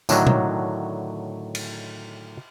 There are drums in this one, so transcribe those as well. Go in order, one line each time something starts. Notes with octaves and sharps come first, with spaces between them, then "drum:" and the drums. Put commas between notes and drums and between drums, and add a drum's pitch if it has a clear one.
A2 D3 D#3 F#3, drum: tambourine
drum: tom B2
drum: cymbal